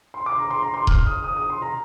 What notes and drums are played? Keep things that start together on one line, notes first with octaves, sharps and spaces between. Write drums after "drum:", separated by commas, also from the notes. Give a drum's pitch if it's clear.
C6
D6
A#5
C6
A#5
C6
F6, drum: kick D#1
D#6
D#6
D#6
C6
A#5